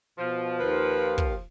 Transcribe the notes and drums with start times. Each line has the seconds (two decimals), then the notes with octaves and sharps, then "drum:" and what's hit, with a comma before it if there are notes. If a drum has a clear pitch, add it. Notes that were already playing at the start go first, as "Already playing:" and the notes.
0.19 B2 F3
0.60 D#2 D#3 B4 F5
1.18 drum: kick